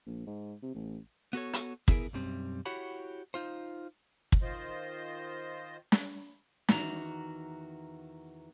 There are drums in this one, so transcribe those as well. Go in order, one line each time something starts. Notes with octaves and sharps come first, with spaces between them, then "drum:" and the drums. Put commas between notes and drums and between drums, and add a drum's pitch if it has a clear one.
A#1
G#2
C3
A1
B3 F#4 A4 C#5
drum: hi-hat
B3 E4 F#4 G#4 A#4, drum: kick
B1 F#2 G3 C4
E4 F#4 G4 C#5 F#5 B5
D#4 F4 C5
drum: kick
D#3 F4 C5 D#5 C6
drum: snare
E2 D#3 F#4 A#5, drum: snare